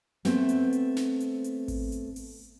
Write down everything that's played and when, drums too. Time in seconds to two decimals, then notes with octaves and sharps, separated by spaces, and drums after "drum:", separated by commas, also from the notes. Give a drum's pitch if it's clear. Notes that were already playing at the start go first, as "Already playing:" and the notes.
0.25 A3 B3 C4, drum: snare
0.49 drum: hi-hat
0.73 drum: hi-hat
0.96 drum: snare
1.20 drum: hi-hat
1.44 drum: hi-hat
1.68 drum: kick G#1, open hi-hat
1.92 drum: hi-hat
2.16 drum: open hi-hat